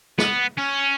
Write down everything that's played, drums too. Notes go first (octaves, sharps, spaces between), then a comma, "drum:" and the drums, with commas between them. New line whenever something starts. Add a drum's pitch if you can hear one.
B3, drum: snare
C#4